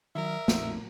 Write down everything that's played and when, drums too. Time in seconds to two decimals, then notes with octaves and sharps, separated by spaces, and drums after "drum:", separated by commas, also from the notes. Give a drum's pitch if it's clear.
0.15 D#3 F#3 A#4 E5
0.48 A#1 F2 A3 D#4, drum: snare